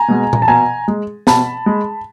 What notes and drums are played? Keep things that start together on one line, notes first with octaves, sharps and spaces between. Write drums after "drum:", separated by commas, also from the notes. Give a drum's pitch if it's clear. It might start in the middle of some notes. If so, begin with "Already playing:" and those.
Already playing: G#5 A#5
B2 G#3
drum: tom A#2
A5
B2 G#5 A#5
G#3
B2 A5 B5, drum: snare
G#3